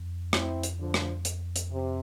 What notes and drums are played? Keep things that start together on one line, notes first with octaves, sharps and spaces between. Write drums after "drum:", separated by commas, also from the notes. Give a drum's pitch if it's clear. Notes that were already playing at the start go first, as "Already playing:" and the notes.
Already playing: F2
C4 E4, drum: rim click
drum: hi-hat
D3 F3
drum: rim click
drum: hi-hat
drum: hi-hat
C3